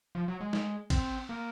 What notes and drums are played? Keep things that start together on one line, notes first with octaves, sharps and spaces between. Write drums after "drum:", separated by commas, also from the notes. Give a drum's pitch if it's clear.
F3
F#3
G#3
drum: snare
C4, drum: kick, cymbal
A#3